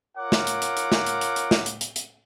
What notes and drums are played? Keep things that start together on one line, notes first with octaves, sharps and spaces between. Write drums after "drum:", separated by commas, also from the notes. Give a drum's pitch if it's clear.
F4 A#4 C#5 F#5 D6
drum: snare
drum: hi-hat
drum: hi-hat
drum: hi-hat
drum: snare
drum: hi-hat
drum: hi-hat
drum: hi-hat
drum: snare
drum: hi-hat
drum: hi-hat
drum: hi-hat